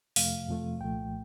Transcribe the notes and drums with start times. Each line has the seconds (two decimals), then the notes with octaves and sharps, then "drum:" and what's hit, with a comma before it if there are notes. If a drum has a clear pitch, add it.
0.16 F2 C3 F3 A3 F5, drum: open hi-hat
0.48 F2 C3 F3 A3
0.80 C2 A#2 F3 A3 G5